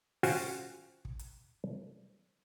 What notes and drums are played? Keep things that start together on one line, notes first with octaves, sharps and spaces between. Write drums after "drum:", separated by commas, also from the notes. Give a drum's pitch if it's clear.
C#4 F4 F#4 C5 G5 G#5, drum: open hi-hat
drum: kick
drum: hi-hat